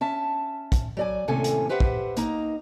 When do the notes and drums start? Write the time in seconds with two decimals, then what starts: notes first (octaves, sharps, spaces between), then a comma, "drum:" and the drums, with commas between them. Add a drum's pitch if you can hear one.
0.01 C#4 E5 A5
0.72 drum: kick, hi-hat
0.97 F#3 D5 G#5
1.28 D#2 A2 C3 C#4 A4 G#5
1.44 drum: hi-hat
1.69 G4 B4 C5 E5 F#5
1.80 drum: kick
2.17 A#3 D#4 A#5, drum: hi-hat